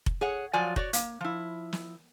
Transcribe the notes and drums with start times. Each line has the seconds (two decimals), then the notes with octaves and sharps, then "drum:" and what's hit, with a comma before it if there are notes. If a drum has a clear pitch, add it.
0.06 drum: kick F1
0.21 G#4 C#5 F#5
0.53 F3 F#3 F4 D5 G#5
0.76 F#4 C#5 D5, drum: kick F1
0.93 A#3, drum: hi-hat
1.21 F3 E4
1.73 drum: snare